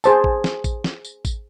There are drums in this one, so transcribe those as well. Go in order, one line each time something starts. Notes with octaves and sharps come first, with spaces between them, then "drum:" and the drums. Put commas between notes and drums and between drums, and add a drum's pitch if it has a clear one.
G#4 C5 A5, drum: tambourine
drum: kick
drum: snare
drum: kick, tambourine
drum: snare
drum: tambourine
drum: kick, tambourine